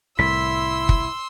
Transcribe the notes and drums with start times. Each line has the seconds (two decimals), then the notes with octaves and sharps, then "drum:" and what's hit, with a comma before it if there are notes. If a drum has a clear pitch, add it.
0.19 C2 A2 E4 C6 E6 B6
0.89 drum: kick